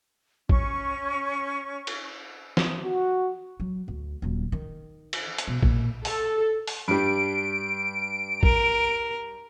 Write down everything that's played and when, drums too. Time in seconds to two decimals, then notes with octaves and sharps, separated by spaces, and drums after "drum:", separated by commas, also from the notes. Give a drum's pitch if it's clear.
0.49 C#4 C#6, drum: kick
1.87 drum: cymbal
2.57 drum: snare
2.84 F#4
3.60 F#3
3.88 D2
4.22 D#1 F#3
4.52 D#3
5.13 drum: cymbal
5.38 drum: hi-hat
5.48 B2
5.63 A#2, drum: kick
6.05 A4, drum: open hi-hat
6.67 drum: open hi-hat
6.88 G2 G3 D7
8.43 A#4, drum: kick